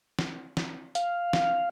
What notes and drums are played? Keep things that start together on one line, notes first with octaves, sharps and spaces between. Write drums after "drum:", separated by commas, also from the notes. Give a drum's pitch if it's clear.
drum: snare
drum: snare
F5, drum: hi-hat
drum: snare